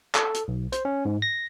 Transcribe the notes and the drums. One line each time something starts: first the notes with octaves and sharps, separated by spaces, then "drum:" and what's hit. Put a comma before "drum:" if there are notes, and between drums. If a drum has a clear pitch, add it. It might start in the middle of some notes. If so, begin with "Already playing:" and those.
A4, drum: clap
drum: hi-hat
B1
C5, drum: hi-hat
C#4
G#2
A#6